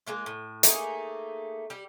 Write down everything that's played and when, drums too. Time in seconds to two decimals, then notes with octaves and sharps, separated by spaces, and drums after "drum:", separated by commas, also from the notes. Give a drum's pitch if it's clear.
0.07 G#3 A#3 F4
0.26 A2
0.63 A3 A#3 D#4 G#4, drum: hi-hat
1.70 G3 G4